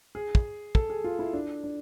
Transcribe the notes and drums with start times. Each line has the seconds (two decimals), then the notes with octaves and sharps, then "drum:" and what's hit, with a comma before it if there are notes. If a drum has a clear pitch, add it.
0.15 G#4
0.35 drum: kick
0.75 A4, drum: kick
0.90 G#4
1.04 F4
1.19 E4
1.33 D4
1.64 D4